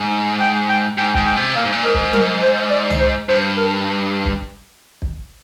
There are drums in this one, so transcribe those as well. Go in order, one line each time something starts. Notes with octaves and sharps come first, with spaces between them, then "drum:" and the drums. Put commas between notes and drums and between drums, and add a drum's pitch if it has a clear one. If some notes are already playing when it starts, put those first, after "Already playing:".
Already playing: G#2
G5
G5
G#2 G5
G#2 G5, drum: kick
G5
C3
A#2 F5
G#2
A#2
G#2 A#4
drum: kick
A#4, drum: tom F#3
C5
D5
drum: tom
C5
G2 C5
A#4
drum: kick
drum: kick